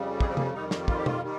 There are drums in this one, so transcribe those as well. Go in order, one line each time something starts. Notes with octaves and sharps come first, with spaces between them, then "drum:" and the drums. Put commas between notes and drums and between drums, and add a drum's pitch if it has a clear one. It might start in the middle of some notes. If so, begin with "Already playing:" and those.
Already playing: F2 C#3 G3
G#4, drum: kick
C4
A#3, drum: tom C3
F2 D#3 G3 D#4
drum: snare
F4, drum: kick
G4
F4, drum: tom
D#3 G3